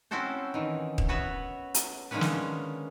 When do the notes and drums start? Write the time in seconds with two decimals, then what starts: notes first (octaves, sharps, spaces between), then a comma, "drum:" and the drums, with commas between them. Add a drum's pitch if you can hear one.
0.11 C4 C#4 E4 F#4 A4 C5
0.54 D#3 E3
0.98 drum: kick D#1
1.09 B3 F#4 B4 C#5 E5
1.74 drum: hi-hat
2.11 D3 D#3 G#3 A#3 C#4 B4
2.21 drum: snare